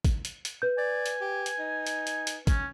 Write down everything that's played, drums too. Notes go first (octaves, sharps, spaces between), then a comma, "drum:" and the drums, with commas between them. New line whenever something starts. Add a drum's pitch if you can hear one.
drum: kick A1, hi-hat
drum: hi-hat
drum: hi-hat
B4 G6
D5 G#5
drum: hi-hat
G4
drum: hi-hat
D#4
drum: hi-hat
drum: hi-hat
drum: hi-hat
C#4, drum: kick A1, hi-hat